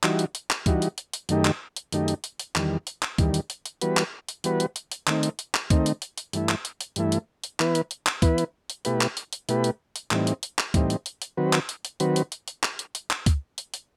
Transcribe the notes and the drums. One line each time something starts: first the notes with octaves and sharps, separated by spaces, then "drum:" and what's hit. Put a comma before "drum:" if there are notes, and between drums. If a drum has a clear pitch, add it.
E3 G3 D#4 F#4, drum: clap
drum: hi-hat
drum: hi-hat
drum: clap
E3 G3 D#4 F#4, drum: kick C#2, hi-hat
drum: hi-hat
drum: hi-hat
drum: hi-hat
F#2 D#3 A3 D#4 G4, drum: hi-hat
drum: clap
drum: hi-hat
F#2 D#3 A3 D#4 G4, drum: hi-hat
drum: hi-hat
drum: hi-hat
drum: hi-hat
E2 D#3 G3, drum: clap
drum: hi-hat
drum: clap
E2 D#3 G3, drum: kick C#2, hi-hat
drum: hi-hat
drum: hi-hat
drum: hi-hat
E3 G3 B3 F#4 B4, drum: hi-hat
drum: clap
drum: hi-hat
E3 G3 B3 F#4 B4, drum: hi-hat
drum: hi-hat
drum: hi-hat
drum: hi-hat
D#3 A3 C4 D#4, drum: clap
drum: hi-hat
drum: hi-hat
drum: clap
D#3 A3 C4 D#4, drum: kick C#2, hi-hat
drum: hi-hat
drum: hi-hat
drum: hi-hat
G2 E3 A3 E4, drum: hi-hat
drum: clap
drum: hi-hat
drum: hi-hat
G2 E3 A3 E4, drum: hi-hat
drum: hi-hat
drum: hi-hat
E3 B3 E4 B4, drum: clap
drum: hi-hat
drum: hi-hat
drum: clap
E3 B3 E4 B4, drum: kick C#2, hi-hat
drum: hi-hat
drum: hi-hat
B2 A3 E4 G4 B4, drum: hi-hat
drum: clap
drum: hi-hat
drum: hi-hat
B2 A3 E4 G4 B4, drum: hi-hat
drum: hi-hat
drum: hi-hat
A2 E3 G3 C4 D#4, drum: clap
drum: hi-hat
drum: hi-hat
drum: clap
A2 E3 G3 C4 D#4, drum: kick C#2, hi-hat
drum: hi-hat
drum: hi-hat
drum: hi-hat
D#3 F#3 C4 F#4 B4
drum: clap
drum: hi-hat
drum: hi-hat
D#3 F#3 C4 F#4 B4, drum: hi-hat
drum: hi-hat
drum: hi-hat
drum: hi-hat
drum: clap
drum: hi-hat
drum: hi-hat
drum: clap
drum: kick C#2, hi-hat
drum: hi-hat
drum: hi-hat